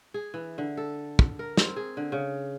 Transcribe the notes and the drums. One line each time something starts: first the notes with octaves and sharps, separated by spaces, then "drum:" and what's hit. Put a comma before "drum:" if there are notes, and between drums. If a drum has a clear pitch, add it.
G#4
E3
D3
A4
drum: kick
A#4
C4, drum: snare
G#4
D3
C#3